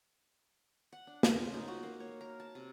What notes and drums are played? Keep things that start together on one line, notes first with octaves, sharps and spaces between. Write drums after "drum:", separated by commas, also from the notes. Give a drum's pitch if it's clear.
F#5
D4
C#3, drum: snare
F4
D#4
F#4
A#3
C#5
A#4
A5
C3